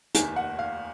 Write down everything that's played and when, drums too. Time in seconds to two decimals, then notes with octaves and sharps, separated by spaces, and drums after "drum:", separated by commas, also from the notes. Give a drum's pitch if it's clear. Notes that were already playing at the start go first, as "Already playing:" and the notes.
0.15 F1 D#2 D#3 G#5, drum: hi-hat
0.36 F#5
0.59 F5